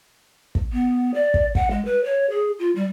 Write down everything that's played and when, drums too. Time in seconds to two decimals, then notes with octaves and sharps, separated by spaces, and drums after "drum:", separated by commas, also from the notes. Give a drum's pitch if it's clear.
0.55 drum: kick
0.73 B3
1.14 D5
1.34 drum: kick
1.55 F#5, drum: kick
1.71 G#3
1.85 B4
2.04 C#5
2.30 G#4
2.59 F4
2.76 G3